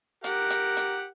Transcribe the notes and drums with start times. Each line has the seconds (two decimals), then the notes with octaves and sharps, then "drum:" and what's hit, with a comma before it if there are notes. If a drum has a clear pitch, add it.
0.24 G4 A#4 F#5, drum: hi-hat
0.50 drum: hi-hat
0.77 drum: hi-hat